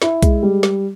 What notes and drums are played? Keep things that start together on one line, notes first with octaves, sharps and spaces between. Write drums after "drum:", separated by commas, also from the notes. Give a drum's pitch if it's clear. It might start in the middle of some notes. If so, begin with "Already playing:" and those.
E4, drum: snare
G#3, drum: kick B1, hi-hat
G3
drum: snare